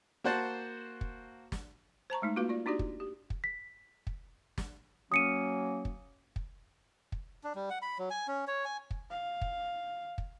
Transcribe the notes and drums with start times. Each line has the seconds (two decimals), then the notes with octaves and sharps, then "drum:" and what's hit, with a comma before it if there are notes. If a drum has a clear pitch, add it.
0.24 A#3 F#4 C5 F#5 A5
1.01 drum: kick
1.52 drum: snare
2.10 C5 A5 A#5 C#6
2.22 G#3 A3 D#4
2.36 A#3 F4 F#4 B4 F5
2.49 F4 D5
2.66 D4 D#4 F#4 G4 D5
2.79 drum: kick
3.00 G4
3.30 drum: kick
3.44 B6
4.07 drum: kick
4.58 drum: snare
5.12 F#3 A#3 C#4 D#6 C#7 D#7
5.85 drum: kick
6.36 drum: kick
7.12 drum: kick
7.44 D4
7.55 G3
7.70 F#5
7.82 B5
7.99 F#3
8.10 G#5
8.28 C#4
8.47 C#5
8.65 G#5
8.91 drum: kick
9.10 F5
9.42 drum: kick
10.18 drum: kick